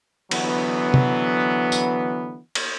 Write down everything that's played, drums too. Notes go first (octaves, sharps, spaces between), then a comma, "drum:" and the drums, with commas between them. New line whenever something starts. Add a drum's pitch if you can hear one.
D3 E3 F#3 B3, drum: cymbal
drum: tom C3
drum: tambourine
drum: cymbal